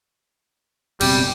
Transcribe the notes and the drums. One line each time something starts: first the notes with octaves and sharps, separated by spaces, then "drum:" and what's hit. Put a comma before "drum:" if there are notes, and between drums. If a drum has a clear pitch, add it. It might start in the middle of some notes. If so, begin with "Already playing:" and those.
F#1 B2 G3 C4, drum: cymbal